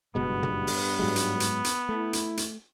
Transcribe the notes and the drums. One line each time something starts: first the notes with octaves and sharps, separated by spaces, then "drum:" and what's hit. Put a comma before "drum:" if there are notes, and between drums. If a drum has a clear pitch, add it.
F#1 G2 B2 G#3 B3
drum: tom
drum: open hi-hat
G#2 F#3 G#3
drum: hi-hat
drum: hi-hat
drum: hi-hat
A3 E4
drum: hi-hat
drum: hi-hat